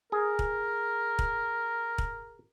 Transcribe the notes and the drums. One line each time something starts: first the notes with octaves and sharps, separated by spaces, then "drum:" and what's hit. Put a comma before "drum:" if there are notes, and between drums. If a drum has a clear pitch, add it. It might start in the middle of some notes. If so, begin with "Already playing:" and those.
G#4 A#4
drum: kick
drum: kick
drum: kick